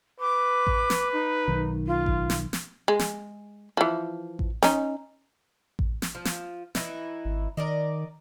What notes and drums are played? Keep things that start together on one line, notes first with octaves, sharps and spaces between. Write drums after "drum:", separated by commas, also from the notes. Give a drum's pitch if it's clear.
B4 D6
drum: kick A1
drum: snare
D#4
B1 D#3
F4
drum: kick A1
drum: snare
drum: snare
G#3
drum: snare
E3 F3
drum: kick A1
C#4 D#4, drum: snare
drum: kick A1
drum: snare
F3
drum: snare
E3 D#4 E4, drum: snare
G#1
D#3 A#4 D5 D#5